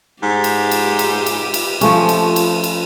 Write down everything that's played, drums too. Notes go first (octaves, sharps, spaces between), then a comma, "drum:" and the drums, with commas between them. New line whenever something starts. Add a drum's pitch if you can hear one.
G#2 G4
drum: cymbal
drum: cymbal
drum: cymbal
drum: cymbal
drum: cymbal
F2 F3 A3 C#4, drum: cymbal
drum: cymbal
drum: cymbal
drum: cymbal